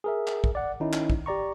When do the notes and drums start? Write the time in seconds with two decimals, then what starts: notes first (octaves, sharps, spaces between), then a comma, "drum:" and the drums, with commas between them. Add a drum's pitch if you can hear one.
0.04 G#4 A#4 E5
0.27 drum: clap
0.44 drum: kick
0.55 D5 F#5
0.80 D#3 C#4 D#4 E4
0.93 drum: clap
1.10 drum: kick
1.26 G4 D5 A#5 C#6